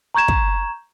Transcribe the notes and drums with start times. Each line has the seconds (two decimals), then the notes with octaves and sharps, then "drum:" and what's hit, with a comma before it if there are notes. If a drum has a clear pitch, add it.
0.14 A#5 C#6 G6 G#6 E7
0.28 drum: kick